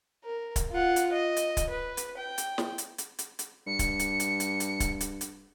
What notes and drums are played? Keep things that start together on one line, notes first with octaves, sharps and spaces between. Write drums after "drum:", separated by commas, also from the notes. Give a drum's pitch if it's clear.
A#4
drum: kick, hi-hat
F4 F#5
drum: hi-hat
D#5
drum: hi-hat
drum: kick, hi-hat
B4
drum: hi-hat
G5
drum: hi-hat
drum: snare
drum: hi-hat
drum: hi-hat
drum: hi-hat
drum: hi-hat
G2 C#7
drum: kick, hi-hat
drum: hi-hat
drum: hi-hat
drum: hi-hat
drum: hi-hat
drum: kick, hi-hat
drum: hi-hat
drum: hi-hat